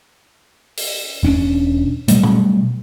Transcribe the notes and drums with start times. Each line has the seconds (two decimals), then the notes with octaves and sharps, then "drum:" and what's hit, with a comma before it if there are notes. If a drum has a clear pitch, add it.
0.77 drum: open hi-hat
1.23 E1 C#4 D4
2.08 B2 F#3 G3 A3, drum: hi-hat
2.23 drum: tom A#2